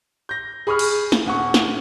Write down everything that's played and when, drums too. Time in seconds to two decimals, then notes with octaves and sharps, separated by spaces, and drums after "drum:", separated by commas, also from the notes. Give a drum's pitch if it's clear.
0.29 G6 A#6
0.67 G#4 B5 C#6 D#6 F6
0.79 drum: cymbal
1.12 drum: snare
1.26 D#1 F#5 C#6
1.54 drum: snare